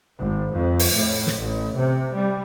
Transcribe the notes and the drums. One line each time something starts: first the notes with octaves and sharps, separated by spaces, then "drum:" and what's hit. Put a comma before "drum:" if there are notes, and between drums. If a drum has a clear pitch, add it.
G#1
F2
drum: open hi-hat
A2
drum: snare
A1
C3
G3